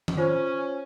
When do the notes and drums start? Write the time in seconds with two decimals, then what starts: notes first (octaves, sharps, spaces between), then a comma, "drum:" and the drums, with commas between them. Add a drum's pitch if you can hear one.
0.08 drum: tom D#3
0.17 C#4 F4 C5